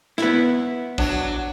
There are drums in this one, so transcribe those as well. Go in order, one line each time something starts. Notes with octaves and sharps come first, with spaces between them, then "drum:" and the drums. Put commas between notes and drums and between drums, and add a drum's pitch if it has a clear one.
B3 E4, drum: snare
F#3 D4, drum: kick